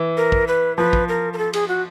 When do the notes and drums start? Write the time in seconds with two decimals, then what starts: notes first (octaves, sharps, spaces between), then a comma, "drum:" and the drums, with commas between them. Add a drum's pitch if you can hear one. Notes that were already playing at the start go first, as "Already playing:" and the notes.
Already playing: E3
0.17 A#4
0.32 drum: kick
0.48 B4
0.77 F3 B4
0.93 drum: kick
1.08 A#4
1.33 A#4
1.38 A4
1.53 G#4, drum: cymbal
1.68 F#4